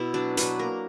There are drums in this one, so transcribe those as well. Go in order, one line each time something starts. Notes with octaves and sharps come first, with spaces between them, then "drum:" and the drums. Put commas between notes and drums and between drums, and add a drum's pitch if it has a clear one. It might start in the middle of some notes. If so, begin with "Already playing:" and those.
Already playing: B2 E4
F#3 D4
F#3 B4, drum: hi-hat
A#3 A#4